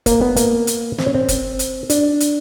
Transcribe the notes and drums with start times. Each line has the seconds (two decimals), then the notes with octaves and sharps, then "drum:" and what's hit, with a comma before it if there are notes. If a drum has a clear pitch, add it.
0.06 A#3, drum: kick, hi-hat
0.21 B3
0.36 A#3, drum: hi-hat
0.67 drum: hi-hat
0.98 C4, drum: snare
1.06 C#4
1.14 C4
1.28 drum: kick, hi-hat
1.59 drum: hi-hat
1.90 D4, drum: hi-hat
2.20 drum: hi-hat